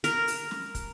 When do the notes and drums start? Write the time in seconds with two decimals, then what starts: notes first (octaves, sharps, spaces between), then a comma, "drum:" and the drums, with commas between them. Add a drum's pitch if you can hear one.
0.04 A#4, drum: hi-hat
0.28 drum: open hi-hat
0.51 drum: snare
0.75 drum: kick, hi-hat